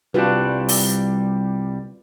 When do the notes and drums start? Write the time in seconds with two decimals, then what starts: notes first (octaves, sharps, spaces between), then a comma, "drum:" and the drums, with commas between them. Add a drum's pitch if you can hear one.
0.14 C2 G3 D4 F4 F#4 B4
0.69 drum: open hi-hat